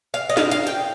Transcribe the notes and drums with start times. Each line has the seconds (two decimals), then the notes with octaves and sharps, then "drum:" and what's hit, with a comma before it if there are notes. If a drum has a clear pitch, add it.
0.14 F5
0.29 D#5
0.37 F5, drum: snare
0.51 F5, drum: hi-hat
0.67 G5, drum: hi-hat